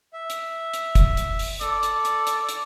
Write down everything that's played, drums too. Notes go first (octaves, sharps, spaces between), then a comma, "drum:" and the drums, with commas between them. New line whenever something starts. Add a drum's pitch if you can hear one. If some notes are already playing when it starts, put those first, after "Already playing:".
E5
drum: hi-hat
drum: hi-hat
drum: kick F#1, hi-hat
drum: hi-hat
drum: open hi-hat
A4 D5, drum: hi-hat
drum: hi-hat
drum: hi-hat
drum: hi-hat
drum: hi-hat